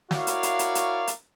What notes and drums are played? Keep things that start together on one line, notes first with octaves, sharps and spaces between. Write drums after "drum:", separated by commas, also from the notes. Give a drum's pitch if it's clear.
E4 F#4 A#4 C#5 D5 F5, drum: snare
drum: hi-hat
drum: hi-hat
drum: hi-hat
drum: hi-hat
drum: hi-hat